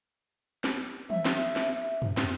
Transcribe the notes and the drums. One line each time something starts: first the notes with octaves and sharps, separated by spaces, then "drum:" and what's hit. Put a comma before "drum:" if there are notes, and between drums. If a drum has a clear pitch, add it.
drum: snare
E5, drum: tom
drum: snare
drum: snare
drum: tom
drum: snare